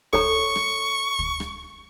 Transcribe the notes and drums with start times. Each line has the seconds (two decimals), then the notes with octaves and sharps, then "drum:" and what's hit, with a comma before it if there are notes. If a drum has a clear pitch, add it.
0.13 A4 C#5 A#5 C#6, drum: kick
0.56 drum: rim click
1.19 drum: kick
1.40 drum: rim click